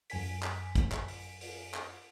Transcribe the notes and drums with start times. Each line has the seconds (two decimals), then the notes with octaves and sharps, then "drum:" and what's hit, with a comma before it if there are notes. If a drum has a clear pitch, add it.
0.10 F#2 G#5 B6, drum: open hi-hat
0.43 drum: clap
0.75 drum: kick, hi-hat
0.92 drum: clap
1.08 drum: open hi-hat
1.41 drum: open hi-hat
1.74 drum: clap